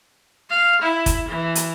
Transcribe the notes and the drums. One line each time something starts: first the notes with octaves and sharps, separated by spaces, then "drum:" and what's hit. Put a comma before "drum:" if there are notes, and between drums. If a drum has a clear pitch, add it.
F5
E4
drum: kick, hi-hat
E3
drum: hi-hat